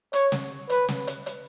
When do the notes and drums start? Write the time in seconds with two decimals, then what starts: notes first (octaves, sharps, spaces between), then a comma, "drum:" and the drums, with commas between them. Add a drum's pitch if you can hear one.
0.13 C#5, drum: hi-hat
0.32 drum: snare
0.70 B4, drum: hi-hat
0.89 drum: snare
1.07 drum: hi-hat
1.26 drum: hi-hat